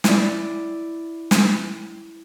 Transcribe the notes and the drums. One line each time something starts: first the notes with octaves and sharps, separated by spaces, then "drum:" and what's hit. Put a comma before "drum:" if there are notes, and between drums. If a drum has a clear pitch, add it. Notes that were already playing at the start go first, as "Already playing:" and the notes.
E4 D5, drum: snare
drum: snare